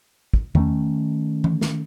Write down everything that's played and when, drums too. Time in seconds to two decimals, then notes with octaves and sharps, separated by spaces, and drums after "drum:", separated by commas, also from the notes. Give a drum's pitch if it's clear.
0.34 drum: kick
0.55 D#3 A3 C#4, drum: tom E2
1.44 drum: tom E3
1.61 drum: snare